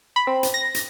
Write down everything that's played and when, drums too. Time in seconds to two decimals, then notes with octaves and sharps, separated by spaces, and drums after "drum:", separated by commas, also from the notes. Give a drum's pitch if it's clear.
0.16 B5
0.27 C4
0.43 drum: hi-hat
0.54 A#6
0.74 drum: hi-hat